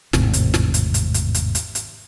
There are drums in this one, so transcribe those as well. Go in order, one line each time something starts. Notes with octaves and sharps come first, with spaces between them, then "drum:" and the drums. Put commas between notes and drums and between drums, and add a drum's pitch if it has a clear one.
G#1 E2 A2 C3, drum: snare
drum: hi-hat
drum: snare
drum: hi-hat
drum: hi-hat
drum: hi-hat
drum: hi-hat
drum: hi-hat
drum: hi-hat